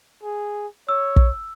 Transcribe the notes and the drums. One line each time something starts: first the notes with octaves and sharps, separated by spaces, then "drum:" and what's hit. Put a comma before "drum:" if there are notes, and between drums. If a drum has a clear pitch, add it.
G#4
C#5 E6
drum: kick